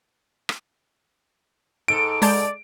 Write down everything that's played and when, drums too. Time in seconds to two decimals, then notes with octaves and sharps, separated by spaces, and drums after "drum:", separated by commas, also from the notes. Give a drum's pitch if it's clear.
0.49 drum: rim click
1.88 G#2 A4 D7
2.22 G#3 D5 A5 G6, drum: open hi-hat